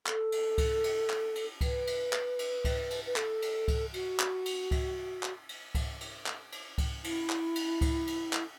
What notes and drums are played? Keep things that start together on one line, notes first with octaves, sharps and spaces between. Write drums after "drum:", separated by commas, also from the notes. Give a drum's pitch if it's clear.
A4, drum: clap
drum: cymbal
drum: kick C#2, cymbal
drum: cymbal
drum: clap
drum: cymbal
B4, drum: kick C#2, cymbal
drum: cymbal
drum: clap
drum: cymbal
drum: kick C#2, cymbal
drum: cymbal
B4
A4, drum: clap
drum: cymbal
drum: kick C#2, cymbal
F#4, drum: cymbal
drum: clap
drum: cymbal
drum: kick C#2, cymbal
drum: clap
drum: cymbal
drum: kick C#2, cymbal
drum: cymbal
drum: clap
drum: cymbal
drum: kick C#2, cymbal
E4, drum: cymbal
drum: clap
drum: cymbal
drum: kick C#2, cymbal
drum: cymbal
drum: clap